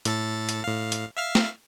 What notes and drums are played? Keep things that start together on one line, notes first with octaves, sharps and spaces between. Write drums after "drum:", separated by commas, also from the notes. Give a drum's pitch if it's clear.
A2 A4 A6, drum: hi-hat
drum: hi-hat
A2 F5
drum: hi-hat
E5 F5 F6
drum: snare